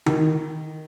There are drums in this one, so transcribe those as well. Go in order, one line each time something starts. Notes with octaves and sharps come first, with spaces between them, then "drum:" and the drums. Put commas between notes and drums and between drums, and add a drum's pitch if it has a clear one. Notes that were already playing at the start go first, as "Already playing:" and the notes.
D#3, drum: tom D#3